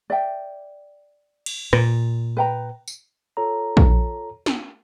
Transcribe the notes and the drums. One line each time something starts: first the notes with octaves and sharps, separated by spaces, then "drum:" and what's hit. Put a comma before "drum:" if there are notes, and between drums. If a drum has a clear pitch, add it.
D5 E5 G5
drum: cymbal
A#2, drum: rim click
B4 G5 A#5
drum: tambourine
F4 A4 C#5 A#5
drum: kick A#1
drum: snare